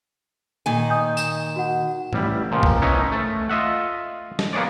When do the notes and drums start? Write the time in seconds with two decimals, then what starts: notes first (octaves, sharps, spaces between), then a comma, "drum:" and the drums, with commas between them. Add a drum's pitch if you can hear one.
0.66 A#2 D#3 G#5
0.90 D#5 D#6 G6
1.17 E7, drum: tambourine
1.56 F#4 F#5
2.13 A1 G3 E4, drum: tom G#2
2.51 C#2 A#2 F3
2.63 drum: kick B1
2.82 B3 C#4 D#4 E4
3.12 A3 A5
3.49 F4 D#5 E5 F#5
4.39 drum: snare
4.53 A#3 B3 G#4 C#5 D5